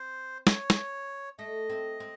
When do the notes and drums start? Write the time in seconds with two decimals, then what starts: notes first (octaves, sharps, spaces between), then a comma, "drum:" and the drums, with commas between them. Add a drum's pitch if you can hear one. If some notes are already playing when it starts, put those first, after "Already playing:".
Already playing: C4 C5
0.47 C#5, drum: snare
0.70 drum: snare
1.39 A3 D#5
1.69 C4
2.00 C4